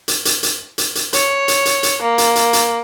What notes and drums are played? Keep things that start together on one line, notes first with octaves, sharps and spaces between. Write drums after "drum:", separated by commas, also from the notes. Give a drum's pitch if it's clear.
drum: hi-hat
drum: hi-hat
drum: hi-hat
drum: hi-hat
drum: hi-hat
C#5, drum: hi-hat
drum: hi-hat
drum: hi-hat
drum: hi-hat
A#3
drum: hi-hat
drum: hi-hat
drum: hi-hat